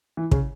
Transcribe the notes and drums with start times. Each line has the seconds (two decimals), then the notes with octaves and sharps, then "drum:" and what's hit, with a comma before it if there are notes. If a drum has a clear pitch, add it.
0.17 E3
0.31 C#3, drum: kick